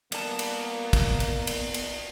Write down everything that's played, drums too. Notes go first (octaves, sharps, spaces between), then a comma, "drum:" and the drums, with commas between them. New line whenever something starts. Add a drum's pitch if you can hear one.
G3 A#3 B3 A5, drum: cymbal
drum: cymbal
drum: kick, cymbal
drum: cymbal
drum: cymbal
drum: cymbal